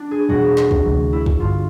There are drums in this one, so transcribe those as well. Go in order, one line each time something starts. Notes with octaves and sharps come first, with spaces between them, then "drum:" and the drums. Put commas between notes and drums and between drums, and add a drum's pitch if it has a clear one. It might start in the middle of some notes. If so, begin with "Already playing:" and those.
Already playing: D4
G#4
E2 B2 G3 F#4
drum: snare
drum: kick
D2 C3 E3 A3
E4
drum: kick
G1 G2 D3 F4